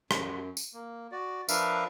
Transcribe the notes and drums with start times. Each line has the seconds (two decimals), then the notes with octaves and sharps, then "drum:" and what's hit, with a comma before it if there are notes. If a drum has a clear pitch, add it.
0.11 F#2, drum: rim click
0.57 drum: tambourine
0.74 A#3
1.12 F#4 D5
1.49 F3 D4 A#4 B4 E5 F5, drum: tambourine